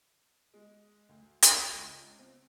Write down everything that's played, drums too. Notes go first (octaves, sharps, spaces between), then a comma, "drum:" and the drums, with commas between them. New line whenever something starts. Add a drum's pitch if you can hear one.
G#3
D2
drum: hi-hat
C#2
C4